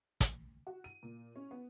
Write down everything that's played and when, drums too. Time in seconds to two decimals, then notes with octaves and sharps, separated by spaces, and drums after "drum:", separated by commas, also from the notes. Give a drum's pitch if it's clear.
0.21 drum: kick, hi-hat
0.67 F#4
0.84 D#7
1.03 A#2
1.36 C#4
1.51 B3